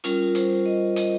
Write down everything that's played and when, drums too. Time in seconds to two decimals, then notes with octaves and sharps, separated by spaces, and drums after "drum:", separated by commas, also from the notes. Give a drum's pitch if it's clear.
0.04 G3 C#4 F4 A#4, drum: hi-hat
0.35 C5, drum: hi-hat
0.66 D#5
0.96 D#5, drum: hi-hat